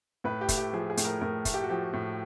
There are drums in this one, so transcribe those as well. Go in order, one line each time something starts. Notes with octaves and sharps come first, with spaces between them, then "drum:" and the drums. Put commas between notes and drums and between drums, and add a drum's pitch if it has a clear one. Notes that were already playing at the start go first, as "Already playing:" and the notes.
A2 B4
G4
A3, drum: kick, hi-hat
G4
F3 G#4
G#4
A2, drum: hi-hat
A#4
A2 A#4
A3, drum: kick, hi-hat
G4
F#4
F3 G4
A2